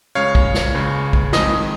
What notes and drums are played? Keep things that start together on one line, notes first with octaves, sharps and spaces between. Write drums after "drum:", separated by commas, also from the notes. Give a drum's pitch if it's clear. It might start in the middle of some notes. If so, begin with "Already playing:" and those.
C#2 C#3 G#3 C#5 F5
drum: kick
drum: snare
C#2 C#3 G#3
drum: kick
F2 D#3 G#3 D#5, drum: snare